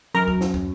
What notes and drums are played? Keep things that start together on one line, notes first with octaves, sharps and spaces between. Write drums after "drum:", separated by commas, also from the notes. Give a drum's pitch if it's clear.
F#2 A#4
drum: kick
drum: snare
drum: kick